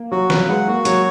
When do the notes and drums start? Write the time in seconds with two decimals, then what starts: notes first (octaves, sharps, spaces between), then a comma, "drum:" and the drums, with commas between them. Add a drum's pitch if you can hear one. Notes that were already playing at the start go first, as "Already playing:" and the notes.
Already playing: A#3
0.12 F#3 F#4
0.30 F#3 B4, drum: snare
0.49 G#3 F#5
0.67 A#3 F#4
0.85 F#3 C#5, drum: hi-hat